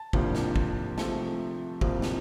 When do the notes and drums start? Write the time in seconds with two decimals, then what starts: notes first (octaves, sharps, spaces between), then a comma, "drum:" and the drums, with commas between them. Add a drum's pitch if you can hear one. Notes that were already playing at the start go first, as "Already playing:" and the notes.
Already playing: A5
0.13 C2 C3 F3 A#3 D4, drum: kick
0.35 drum: snare
0.56 drum: kick
0.98 C3 F3 A3 A5, drum: snare
1.81 C2 C3 F3 A#3, drum: kick
2.02 drum: snare